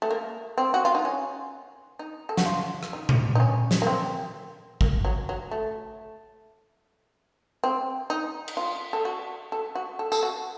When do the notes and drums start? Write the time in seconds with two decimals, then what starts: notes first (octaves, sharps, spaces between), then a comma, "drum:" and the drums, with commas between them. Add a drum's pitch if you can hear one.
0.02 A3
0.10 A#3
0.58 C4
0.74 F#4
0.85 F4
0.95 D#4
1.05 C#4
1.99 D#4
2.29 A4
2.37 F#4, drum: snare
2.46 F4
2.83 drum: rim click
2.93 D#4
3.09 drum: tom A#2
3.35 D#4
3.40 C#4
3.71 drum: snare
3.82 A#3
3.87 C4
4.81 A#3, drum: kick G#1
5.05 F#3
5.29 F#3
5.51 A3
7.64 C4
8.10 D#4
8.48 drum: cymbal
8.57 F4
8.93 A4
9.05 F#4
9.52 A4
9.75 F#4
9.99 A4
10.12 A4, drum: tambourine
10.23 F#4